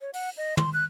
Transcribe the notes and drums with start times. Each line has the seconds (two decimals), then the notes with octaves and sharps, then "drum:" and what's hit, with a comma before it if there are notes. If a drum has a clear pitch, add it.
0.01 C#5
0.14 F#5, drum: open hi-hat
0.37 D#5
0.57 C6, drum: tom
0.74 F#6